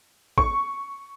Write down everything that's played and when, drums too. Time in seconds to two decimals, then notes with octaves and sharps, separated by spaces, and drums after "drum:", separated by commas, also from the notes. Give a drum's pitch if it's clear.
0.38 C#6, drum: kick